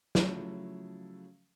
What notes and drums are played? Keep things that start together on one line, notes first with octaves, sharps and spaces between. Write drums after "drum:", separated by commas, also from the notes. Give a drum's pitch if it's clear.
C#3 F3 F#3 A3 E4, drum: snare